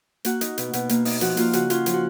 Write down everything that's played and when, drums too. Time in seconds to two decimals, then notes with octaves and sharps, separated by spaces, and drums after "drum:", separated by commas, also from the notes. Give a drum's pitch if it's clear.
0.25 A#3 F#4, drum: hi-hat
0.41 D#4, drum: hi-hat
0.58 B2, drum: hi-hat
0.73 B2, drum: hi-hat
0.89 A#3, drum: hi-hat
1.05 D#4, drum: open hi-hat
1.21 F3 F#4, drum: hi-hat
1.37 A#3 F4, drum: hi-hat
1.53 C#3 F#4, drum: hi-hat
1.70 C#4 F4, drum: hi-hat
1.86 F3, drum: hi-hat
1.94 F#4